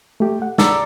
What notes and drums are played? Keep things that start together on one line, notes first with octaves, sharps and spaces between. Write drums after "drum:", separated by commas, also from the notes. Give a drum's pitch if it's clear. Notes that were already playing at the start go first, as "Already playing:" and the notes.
A3 G4
F#5
A4 D5 A#5, drum: snare